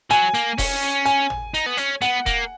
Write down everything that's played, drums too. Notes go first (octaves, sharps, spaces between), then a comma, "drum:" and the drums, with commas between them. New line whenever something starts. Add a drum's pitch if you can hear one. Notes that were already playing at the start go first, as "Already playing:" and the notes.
F#3 G#5, drum: hi-hat
A#3, drum: hi-hat
C#4, drum: kick E1, open hi-hat
drum: hi-hat
G#5, drum: hi-hat
drum: tom
D#4, drum: hi-hat
B3
C#4, drum: hi-hat
B3 F#5, drum: hi-hat
A#3, drum: kick E1, hi-hat